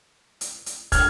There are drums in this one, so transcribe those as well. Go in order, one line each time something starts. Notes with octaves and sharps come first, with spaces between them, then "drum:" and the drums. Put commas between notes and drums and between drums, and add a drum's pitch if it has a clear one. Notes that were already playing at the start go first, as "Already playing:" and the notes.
drum: hi-hat
drum: hi-hat
F6 G#6, drum: kick, hi-hat